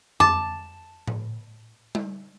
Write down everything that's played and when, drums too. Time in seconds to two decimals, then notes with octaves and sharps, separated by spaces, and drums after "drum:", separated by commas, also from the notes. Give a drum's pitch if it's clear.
0.20 A5 D6, drum: tom F2
1.08 drum: tom A2
1.95 drum: tom G3